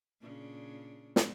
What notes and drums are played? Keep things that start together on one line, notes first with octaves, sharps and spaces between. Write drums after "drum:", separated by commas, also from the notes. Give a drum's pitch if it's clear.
A#2 C#3 D4
drum: snare